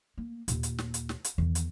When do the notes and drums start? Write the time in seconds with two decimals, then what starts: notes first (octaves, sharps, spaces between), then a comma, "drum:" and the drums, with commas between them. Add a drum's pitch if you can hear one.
0.18 A#3
0.48 D#2 A#2, drum: hi-hat
0.63 drum: hi-hat
0.78 drum: snare
0.94 drum: hi-hat
1.09 drum: snare
1.24 drum: hi-hat
1.38 E2 D#3
1.55 drum: hi-hat